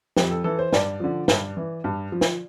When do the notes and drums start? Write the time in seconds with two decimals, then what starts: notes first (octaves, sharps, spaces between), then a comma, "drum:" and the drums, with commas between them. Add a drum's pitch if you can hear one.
0.17 F2 G4, drum: snare
0.31 A4
0.44 E3 A4
0.59 C5
0.73 G2 D5, drum: snare
1.00 D3 F3
1.28 G2, drum: snare
1.57 E3
1.84 G2
2.12 F3
2.21 drum: snare